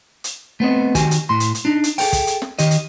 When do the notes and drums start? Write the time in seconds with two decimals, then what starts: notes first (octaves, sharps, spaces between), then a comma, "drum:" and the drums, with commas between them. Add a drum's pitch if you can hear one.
0.24 drum: hi-hat
0.60 A3 B3 C4 D#5
0.95 D#3 F#4 G4 G#5, drum: kick, hi-hat
1.11 drum: hi-hat
1.29 A2 C6
1.40 drum: hi-hat
1.55 drum: hi-hat
1.65 D4 D#4
1.84 drum: hi-hat
1.98 G#4 A4 G5, drum: open hi-hat
2.13 drum: kick, hi-hat
2.27 drum: hi-hat
2.42 drum: snare
2.59 D#3 G4 D#5, drum: hi-hat
2.71 drum: hi-hat